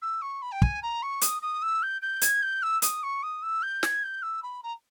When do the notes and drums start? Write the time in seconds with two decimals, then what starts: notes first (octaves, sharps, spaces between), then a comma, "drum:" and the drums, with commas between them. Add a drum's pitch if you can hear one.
0.02 E6
0.21 C#6
0.42 B5
0.52 G5
0.62 G#5, drum: kick
0.82 A#5
1.02 C#6
1.21 D#6, drum: hi-hat
1.42 D#6
1.62 E6
1.82 G6
2.01 G6
2.21 G#6, drum: hi-hat
2.42 G6
2.62 E6
2.82 D#6, drum: hi-hat
3.03 C#6
3.23 D#6
3.42 E6
3.62 G6
3.83 G#6, drum: snare
4.03 G6
4.22 E6
4.42 B5
4.63 A#5